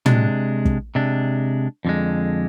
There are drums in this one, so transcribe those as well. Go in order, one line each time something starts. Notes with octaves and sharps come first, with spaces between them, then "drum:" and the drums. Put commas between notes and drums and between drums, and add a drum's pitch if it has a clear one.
C3 G#3 D4, drum: tom
drum: kick
C3 G#3 D4
F2 D3 G#3